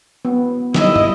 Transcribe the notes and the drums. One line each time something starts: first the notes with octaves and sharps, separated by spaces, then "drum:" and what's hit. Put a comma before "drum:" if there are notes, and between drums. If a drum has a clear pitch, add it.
B3
D#3 G3 E4 D#5, drum: snare
drum: tom